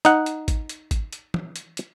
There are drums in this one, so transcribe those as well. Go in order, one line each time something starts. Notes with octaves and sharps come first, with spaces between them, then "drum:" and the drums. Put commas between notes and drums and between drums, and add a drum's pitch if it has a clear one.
D#4 F#5, drum: hi-hat
drum: hi-hat
drum: kick G#1, hi-hat
drum: hi-hat
drum: kick G#1, hi-hat
drum: hi-hat
drum: tom
drum: hi-hat
drum: hi-hat